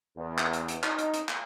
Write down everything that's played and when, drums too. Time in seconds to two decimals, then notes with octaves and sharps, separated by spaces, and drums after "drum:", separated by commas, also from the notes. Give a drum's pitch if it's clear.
0.16 E2
0.38 drum: clap
0.53 drum: hi-hat
0.68 drum: hi-hat
0.83 D#4, drum: clap
0.98 drum: hi-hat
1.13 drum: hi-hat
1.28 drum: clap